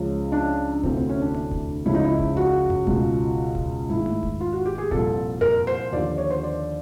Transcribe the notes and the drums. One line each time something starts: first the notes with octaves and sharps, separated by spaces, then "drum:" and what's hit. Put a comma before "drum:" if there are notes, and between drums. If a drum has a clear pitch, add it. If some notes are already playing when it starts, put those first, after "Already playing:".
Already playing: C#2 C#3 F3
D4
D2 C3 E3 C4, drum: kick E1
C4
C#4
D4
drum: tom A3
drum: kick E1
C#2 C#3 F3 E4
D#4
E4
drum: kick E1
F#4
drum: tom F2
C#2 B2, drum: kick E1
drum: kick E1
G#2 D#3 E4
drum: tom A3
drum: kick E1
F4
F#4
G4
G#4
C2 A#2 F3 A4, drum: kick E1
A#4, drum: tom F2
C5
D#2 D3 F3 D5
C#5
C5
D5